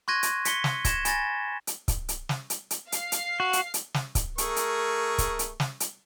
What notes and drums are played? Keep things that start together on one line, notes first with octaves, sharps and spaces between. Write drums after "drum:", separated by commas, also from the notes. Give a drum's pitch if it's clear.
C6 C#6 F#6 G#6 A#6 D#7
drum: hi-hat
B6 C#7 G7, drum: hi-hat
drum: snare
G#6 A#6 E7, drum: kick C#1, hi-hat
G#5 B5 A6 A#6, drum: hi-hat
drum: hi-hat
drum: kick C#1, hi-hat
drum: hi-hat
drum: snare
drum: hi-hat
drum: hi-hat
F5 C7, drum: hi-hat
drum: hi-hat
F#4
drum: hi-hat
drum: hi-hat
drum: snare
drum: kick C#1, hi-hat
A3 G#4 A#4 C#6, drum: hi-hat
drum: hi-hat
drum: kick C#1, hi-hat
drum: hi-hat
drum: snare
drum: hi-hat